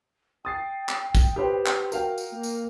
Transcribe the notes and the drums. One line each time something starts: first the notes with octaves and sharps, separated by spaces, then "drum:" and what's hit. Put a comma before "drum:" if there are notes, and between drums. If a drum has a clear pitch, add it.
G5 D#6 A6 C7
drum: clap
drum: kick, tambourine
G4 B4 C5
drum: clap
F#4 A#4 F5 G5, drum: tambourine
drum: tambourine
A#3
drum: tambourine